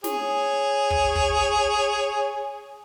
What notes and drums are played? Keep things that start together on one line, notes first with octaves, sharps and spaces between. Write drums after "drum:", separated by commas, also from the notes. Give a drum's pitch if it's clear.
G#4 C#5, drum: snare
drum: kick
drum: kick